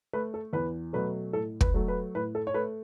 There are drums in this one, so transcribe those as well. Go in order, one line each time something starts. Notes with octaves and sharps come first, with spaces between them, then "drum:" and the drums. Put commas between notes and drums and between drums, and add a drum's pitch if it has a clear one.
A3 B4
A4
E2 B4
B2 F#3 A3 B4
A2 A4
B4, drum: kick
F#3 A3
B4
A2 B4
A4
C#5
A3 B4